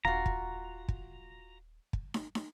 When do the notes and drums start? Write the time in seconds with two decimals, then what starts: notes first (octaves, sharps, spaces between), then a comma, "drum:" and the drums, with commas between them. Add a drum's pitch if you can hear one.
0.05 D#1 F4 F#4 A#5
0.26 drum: kick
0.88 drum: kick
1.93 drum: kick
2.14 drum: snare
2.35 drum: snare